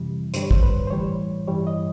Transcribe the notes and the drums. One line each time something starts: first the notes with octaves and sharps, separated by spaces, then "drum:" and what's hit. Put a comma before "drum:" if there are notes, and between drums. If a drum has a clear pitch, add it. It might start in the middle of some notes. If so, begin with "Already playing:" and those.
Already playing: F2 C3 E3 G3
G2 D3 G3 C5, drum: hi-hat
C#5
C5, drum: kick
B4
C5
A2 E3 G3 C#5
G2 E3 G3 C#5
D#5